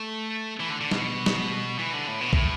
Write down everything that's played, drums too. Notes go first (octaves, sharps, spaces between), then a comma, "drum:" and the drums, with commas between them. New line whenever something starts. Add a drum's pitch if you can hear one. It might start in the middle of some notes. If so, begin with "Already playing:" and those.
Already playing: A3
E3
D3
D3
B2, drum: snare
drum: snare
E3
D3
A2
B2
A2, drum: kick A#1